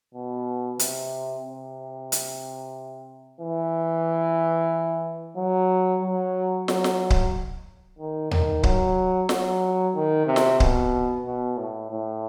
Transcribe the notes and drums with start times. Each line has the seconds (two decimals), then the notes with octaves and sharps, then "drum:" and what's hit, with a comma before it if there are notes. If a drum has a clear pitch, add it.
0.15 B2
0.79 C3, drum: hi-hat
1.45 C3
2.12 drum: hi-hat
3.41 E3
5.37 F#3
6.02 F#3
6.68 F#3, drum: snare
6.84 drum: snare
7.10 drum: kick C#1
7.99 D#3
8.31 D#3, drum: tom D#2
8.63 F#3, drum: kick C#1
9.29 F#3, drum: snare
9.95 D#3
10.26 C3
10.36 drum: snare
10.60 B2, drum: kick C#1
11.25 B2
11.57 A2
11.91 A2